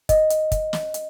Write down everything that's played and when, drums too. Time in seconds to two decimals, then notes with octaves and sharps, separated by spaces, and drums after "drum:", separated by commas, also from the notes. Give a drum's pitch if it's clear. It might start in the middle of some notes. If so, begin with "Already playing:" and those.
0.09 D#5, drum: kick, hi-hat
0.30 drum: hi-hat
0.52 drum: kick, hi-hat
0.73 drum: snare
0.94 drum: hi-hat